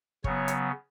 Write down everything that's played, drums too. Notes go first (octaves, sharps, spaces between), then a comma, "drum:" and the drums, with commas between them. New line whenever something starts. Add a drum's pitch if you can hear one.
C#3 F#3 B3 C#5, drum: kick
drum: hi-hat